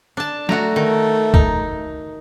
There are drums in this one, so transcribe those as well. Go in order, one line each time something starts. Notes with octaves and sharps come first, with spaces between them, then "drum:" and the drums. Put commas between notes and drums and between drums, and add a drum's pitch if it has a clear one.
D4 A5
A3 F#4 A#5, drum: snare
D#3
D#4, drum: kick C#2